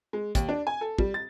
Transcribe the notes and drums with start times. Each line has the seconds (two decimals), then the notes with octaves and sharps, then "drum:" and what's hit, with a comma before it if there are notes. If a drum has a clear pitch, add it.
0.13 G#3
0.35 D#2, drum: kick, hi-hat
0.49 D4
0.67 G#5
0.81 A4
0.98 G3, drum: kick
1.14 A6